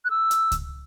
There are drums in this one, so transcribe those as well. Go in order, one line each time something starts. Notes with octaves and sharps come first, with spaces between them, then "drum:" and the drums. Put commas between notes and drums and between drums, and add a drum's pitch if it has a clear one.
F#6
E6
drum: hi-hat
drum: kick C#2, hi-hat